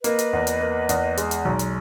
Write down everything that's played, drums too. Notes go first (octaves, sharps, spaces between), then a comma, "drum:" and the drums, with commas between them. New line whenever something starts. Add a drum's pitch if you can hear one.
A#3 B4 D#5, drum: hi-hat
drum: hi-hat
E2
drum: hi-hat
A#3
E2, drum: hi-hat
G#3, drum: hi-hat
drum: hi-hat
B1
drum: hi-hat